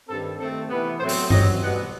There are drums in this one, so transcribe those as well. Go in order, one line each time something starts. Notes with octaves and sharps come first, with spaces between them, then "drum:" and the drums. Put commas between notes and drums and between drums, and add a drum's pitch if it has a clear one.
G2 D#3 G3 C4 A4
D#3 A3 C4 A4
C3 E3 B3 B4
A2 F#3 A3 C4 C5
drum: open hi-hat
G2 F#3 C4 D#5, drum: tom G2
B2 G3 B3 F#5